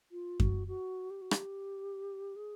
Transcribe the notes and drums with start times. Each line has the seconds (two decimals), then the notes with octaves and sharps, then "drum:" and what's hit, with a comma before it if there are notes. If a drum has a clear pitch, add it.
0.11 F4
0.40 F#4, drum: kick F#2
0.68 F#4
1.10 G4
1.21 F#4
1.31 G4, drum: rim click
2.36 G#4